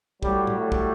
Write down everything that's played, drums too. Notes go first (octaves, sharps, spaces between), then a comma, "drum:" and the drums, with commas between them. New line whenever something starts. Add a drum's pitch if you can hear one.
A2 F#3 G3, drum: kick
drum: tom A2
G3 A3
drum: kick